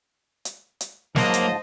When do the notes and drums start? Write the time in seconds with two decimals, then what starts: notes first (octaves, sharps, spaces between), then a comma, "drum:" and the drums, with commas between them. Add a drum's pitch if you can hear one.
0.45 drum: hi-hat
0.81 drum: hi-hat
1.16 G#2 F3 F#3 A#3 C5 D#5 A5, drum: snare
1.34 drum: hi-hat